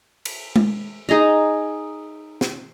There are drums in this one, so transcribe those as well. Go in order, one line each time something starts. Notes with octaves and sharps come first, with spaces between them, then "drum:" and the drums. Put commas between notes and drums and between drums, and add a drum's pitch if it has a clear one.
drum: cymbal
drum: tom G#3
D#4 G#4 D#5 A#5
drum: snare